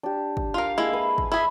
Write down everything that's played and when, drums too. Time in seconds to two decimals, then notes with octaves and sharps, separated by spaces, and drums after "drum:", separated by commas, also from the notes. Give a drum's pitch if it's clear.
0.03 D4 G4
0.37 drum: kick
0.54 F4 A#4 F5
0.78 G#3 A#3 E4
0.93 B4
1.18 drum: kick
1.32 E4 G#4 E5 B5